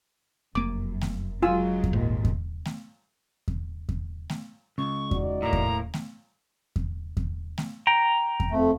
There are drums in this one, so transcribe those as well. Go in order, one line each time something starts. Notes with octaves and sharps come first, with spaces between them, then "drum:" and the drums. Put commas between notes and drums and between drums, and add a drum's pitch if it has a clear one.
F1 F#2 A#3 D6
drum: snare A3
C#3 F#3 G#3 F4 G#5 E6
drum: kick E2
G#1 D#2 A#2
drum: kick E2
drum: snare A3
drum: kick E2
drum: kick E2
drum: snare A3
C#2 C#3 C#6
D#4 F#4 D5, drum: kick E2
A2 A#3 A#5
drum: kick E2
drum: snare A3
drum: kick E2
drum: kick E2
drum: snare A3
G5 A#5
drum: kick E2
F2 A3